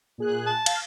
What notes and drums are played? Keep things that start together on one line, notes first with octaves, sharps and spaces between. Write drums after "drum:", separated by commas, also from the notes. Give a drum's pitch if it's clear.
A#2 G#4 F#6
A5
F5, drum: cymbal